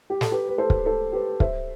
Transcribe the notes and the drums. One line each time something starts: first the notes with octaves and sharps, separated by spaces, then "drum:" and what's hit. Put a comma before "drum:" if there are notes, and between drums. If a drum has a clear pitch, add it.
G4
A4, drum: snare
G4 B4
B4
A4 C5
drum: kick
A4 C5
G4 B4
C5 E5, drum: kick